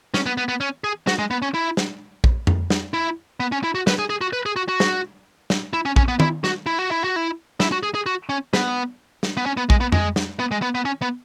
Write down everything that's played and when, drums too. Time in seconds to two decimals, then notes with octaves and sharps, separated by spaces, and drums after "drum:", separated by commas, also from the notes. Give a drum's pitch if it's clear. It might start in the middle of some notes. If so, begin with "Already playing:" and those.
0.14 C#4, drum: snare
0.26 B3
0.37 B3
0.48 B3
0.60 C#4
0.84 G#4
1.07 F#4, drum: snare
1.19 G#3
1.31 B3
1.42 C#4
1.54 E4
1.77 drum: snare
2.24 drum: kick A#1
2.47 drum: tom F2
2.70 drum: snare
2.94 E4
3.40 B3
3.52 C#4
3.64 E4
3.75 F#4
3.87 B4, drum: snare
3.99 G#4
4.10 G#4
4.21 F#4
4.33 B4
4.46 G#4
4.56 F#4
4.69 F#4
4.80 drum: snare
5.50 drum: snare
5.73 E4
5.86 C#4
5.96 C#4, drum: kick A#1
6.08 B3
6.20 E4, drum: tom D#3
6.44 F#4, drum: snare
6.66 E4
6.79 F#4
6.91 E4
7.04 F#4
7.16 E4
7.60 E4, drum: snare
7.72 F#4
7.83 G#4
7.95 G#4
8.06 F#4
8.29 C#4
8.53 B3, drum: snare
9.23 drum: snare
9.37 B3
9.46 C#4
9.57 B3
9.70 G#3, drum: kick A#1
9.81 B3
9.92 G#3, drum: tom F2
10.16 drum: snare
10.39 B3
10.51 G#3
10.62 B3
10.75 B3
10.85 C#4
11.02 B3